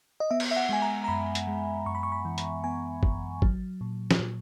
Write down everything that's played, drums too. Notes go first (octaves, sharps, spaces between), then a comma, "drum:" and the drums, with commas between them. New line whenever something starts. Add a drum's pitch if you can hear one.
D#5
B3 E5
drum: cymbal
E5
F#5
G#3 G#5
A#5
A#5
F#2 B5
drum: hi-hat
G#3
F#2 C#6
B5
C#6
B5
E3
B5, drum: hi-hat
B3 G#5
F#2, drum: kick
F#3, drum: kick
A#2
drum: snare
A#2